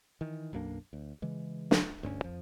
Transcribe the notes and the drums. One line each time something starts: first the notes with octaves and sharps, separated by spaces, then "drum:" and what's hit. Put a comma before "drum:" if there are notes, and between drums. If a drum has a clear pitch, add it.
D#3 E3
B1 F#2 A#3 D4
D2
C#3 E3 G#3
drum: snare
D2 G2 C4 C#4
F2 F3